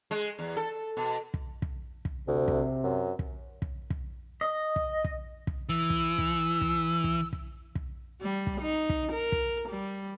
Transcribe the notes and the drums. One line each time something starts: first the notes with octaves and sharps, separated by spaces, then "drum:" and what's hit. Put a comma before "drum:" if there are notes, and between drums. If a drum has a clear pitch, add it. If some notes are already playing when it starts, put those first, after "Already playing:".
G#3
E2
A4
B2
drum: kick
drum: kick
drum: kick
D2 C3
drum: kick
F#2
drum: kick
drum: kick
drum: kick
D#5
drum: kick
drum: kick
drum: kick
E3 E6
drum: kick
drum: kick
drum: kick
drum: kick
drum: kick
drum: kick
G3
drum: kick
D#4
drum: kick
A#4
drum: kick
G3